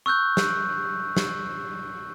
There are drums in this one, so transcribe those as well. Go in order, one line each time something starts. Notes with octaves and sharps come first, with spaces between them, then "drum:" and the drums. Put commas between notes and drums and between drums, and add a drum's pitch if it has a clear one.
C#6 E6 F#6 G6
drum: snare
drum: snare